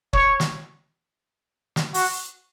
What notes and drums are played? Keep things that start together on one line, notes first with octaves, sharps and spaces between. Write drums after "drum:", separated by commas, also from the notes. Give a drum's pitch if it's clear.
C#5, drum: kick
drum: snare
drum: snare
F#4, drum: open hi-hat